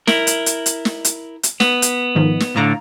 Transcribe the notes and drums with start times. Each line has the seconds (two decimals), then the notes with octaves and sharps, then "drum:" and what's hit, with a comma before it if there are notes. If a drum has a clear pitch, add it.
0.07 E4 A#4, drum: snare
0.27 drum: hi-hat
0.46 drum: hi-hat
0.66 drum: hi-hat
0.85 drum: snare
1.05 drum: hi-hat
1.43 drum: hi-hat
1.60 B3, drum: snare
1.82 drum: hi-hat
2.15 G#2 D#3 F3
2.40 drum: snare
2.56 A2 D3 F5 A#5